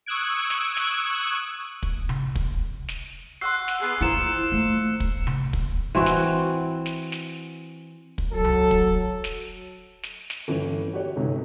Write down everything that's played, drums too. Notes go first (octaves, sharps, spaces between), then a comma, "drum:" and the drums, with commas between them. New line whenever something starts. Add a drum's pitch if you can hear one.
C#6 D#6 E6 F#6 G#6 D7
drum: snare
drum: snare
drum: kick
drum: tom C3
drum: kick
drum: snare
F#4 F#5 C6 E6 F#6 C7
drum: snare
B3 G#4
E4 F4 A#4 C5 C7 C#7 E7
A3
drum: kick
drum: tom C3
drum: kick
E3 C4 F#4
drum: snare
drum: snare
drum: snare
drum: kick
F#3 A4
drum: tom C2
drum: kick
drum: snare
drum: snare
drum: snare
G1 E3 C#4
F#4 G4 C#5
G1 G#2 C3 C#4